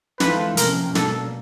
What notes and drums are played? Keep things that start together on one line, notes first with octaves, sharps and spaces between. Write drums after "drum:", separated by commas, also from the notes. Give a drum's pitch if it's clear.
E3 G#3 C4 F4 A4 B4, drum: snare
C3 F3 A#3 C#4 A#4, drum: hi-hat
B2 G3 A#3 A4, drum: snare